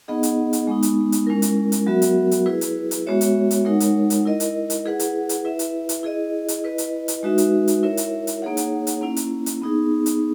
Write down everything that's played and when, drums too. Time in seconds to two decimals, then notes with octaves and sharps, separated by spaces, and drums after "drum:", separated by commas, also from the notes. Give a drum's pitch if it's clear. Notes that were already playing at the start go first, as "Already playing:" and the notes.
0.08 B3 D#4 G#4 D#5 F#5
0.23 drum: hi-hat
0.53 drum: hi-hat
0.67 G#3 B3 D#4
0.83 drum: hi-hat
1.12 drum: hi-hat
1.27 G#3 C#4 E4 A#4
1.42 drum: hi-hat
1.72 drum: hi-hat
1.87 F#3 B3 F#4 A#4 E5
2.02 drum: hi-hat
2.31 drum: hi-hat
2.46 E4 G#4 B4
2.61 drum: hi-hat
2.91 drum: hi-hat
3.06 G#3 B3 F#4 C#5 E5
3.21 drum: hi-hat
3.51 drum: hi-hat
3.65 G#3 D#4 A#4 C#5 F#5
3.80 drum: hi-hat
4.10 drum: hi-hat
4.25 E4 A#4 D#5
4.40 drum: hi-hat
4.70 drum: hi-hat
4.85 E4 G#4 B4 F#5
4.99 drum: hi-hat
5.29 drum: hi-hat
5.44 E4 B4 E5
5.59 drum: hi-hat
5.89 drum: hi-hat
6.03 E4 G#4 D#5
6.48 drum: hi-hat
6.64 E4 B4 D#5
6.78 drum: hi-hat
7.08 drum: hi-hat
7.23 G#3 D#4 F#4 B4 E5
7.38 drum: hi-hat
7.68 drum: hi-hat
7.83 E4 A#4 C#5 E5
7.97 drum: hi-hat
8.27 drum: hi-hat
8.42 A#3 D#4 G#4 C#5 F#5
8.57 drum: hi-hat
8.87 drum: hi-hat
9.01 A#3 C#4 E4
9.16 drum: hi-hat
9.46 drum: hi-hat
9.62 B3 D#4 G#4
10.06 drum: hi-hat